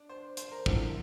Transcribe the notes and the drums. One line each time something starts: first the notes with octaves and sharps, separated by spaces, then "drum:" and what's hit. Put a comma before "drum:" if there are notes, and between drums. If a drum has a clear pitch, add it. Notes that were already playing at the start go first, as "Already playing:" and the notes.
Already playing: D4
C5
C5, drum: hi-hat
A#4
D3 F3 C4 E4 A4, drum: kick
A#4